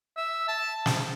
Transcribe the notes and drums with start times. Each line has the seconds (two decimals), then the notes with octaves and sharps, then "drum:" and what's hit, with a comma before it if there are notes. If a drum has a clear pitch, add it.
0.17 E5
0.48 A5
0.86 drum: snare